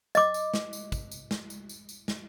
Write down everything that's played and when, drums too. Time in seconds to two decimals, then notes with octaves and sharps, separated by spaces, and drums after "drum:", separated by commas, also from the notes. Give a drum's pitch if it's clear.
0.15 D#5 D6, drum: tambourine
0.34 drum: tambourine
0.54 drum: snare
0.73 drum: tambourine
0.92 drum: kick, tambourine
1.11 drum: tambourine
1.31 drum: snare
1.50 drum: tambourine
1.69 drum: tambourine
1.89 drum: tambourine
2.08 drum: snare